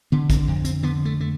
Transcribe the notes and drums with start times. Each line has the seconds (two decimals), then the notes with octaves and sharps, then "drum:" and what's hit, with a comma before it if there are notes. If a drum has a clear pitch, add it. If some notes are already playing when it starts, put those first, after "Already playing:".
0.12 D3 B3
0.30 C4, drum: kick, hi-hat
0.48 F2
0.64 C4, drum: hi-hat
0.83 D3 B3
1.05 A3
1.21 A3